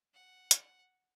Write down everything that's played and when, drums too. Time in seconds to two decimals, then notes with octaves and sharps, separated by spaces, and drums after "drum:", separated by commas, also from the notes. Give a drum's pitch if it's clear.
0.14 F#5
0.51 drum: hi-hat